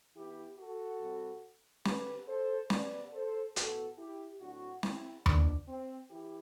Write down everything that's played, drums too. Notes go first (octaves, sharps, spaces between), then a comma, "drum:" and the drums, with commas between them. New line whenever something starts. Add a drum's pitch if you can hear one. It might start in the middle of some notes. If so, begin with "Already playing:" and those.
E3 B3 E4 G4
F#4 A4
C3 G3 C4
D3 G3 C4 G4 B4, drum: snare
A4 C5
C3 G3 B3 B4 D5, drum: snare
A4 C5
A2 E3 B3 F#4 A4, drum: hi-hat
E4 G4
A2 F#3 C4 D4 F#4
C4 E4, drum: snare
E3 B3 D4, drum: tom D#2
C4
E3 E4 G4